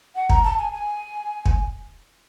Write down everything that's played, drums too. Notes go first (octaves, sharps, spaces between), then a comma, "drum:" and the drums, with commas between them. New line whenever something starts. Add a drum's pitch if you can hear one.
F#5
A#5, drum: kick
A5
G#5
G#5
drum: kick